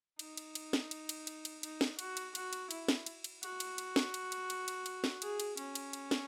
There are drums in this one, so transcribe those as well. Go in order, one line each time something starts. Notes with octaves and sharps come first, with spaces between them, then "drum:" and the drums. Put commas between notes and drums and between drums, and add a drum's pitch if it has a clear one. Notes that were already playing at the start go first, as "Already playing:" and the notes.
D#4, drum: cymbal
drum: cymbal
drum: cymbal
drum: snare
drum: cymbal
drum: cymbal
drum: cymbal
drum: cymbal
D#4, drum: cymbal
drum: snare
F#4, drum: cymbal
drum: cymbal
F#4, drum: cymbal
drum: cymbal
E4, drum: cymbal
drum: snare
drum: cymbal
drum: cymbal
F#4, drum: cymbal
drum: cymbal
drum: cymbal
drum: snare
drum: cymbal
drum: cymbal
drum: cymbal
drum: cymbal
drum: cymbal
drum: snare
G#4, drum: cymbal
drum: cymbal
C#4, drum: cymbal
drum: cymbal
drum: cymbal
drum: snare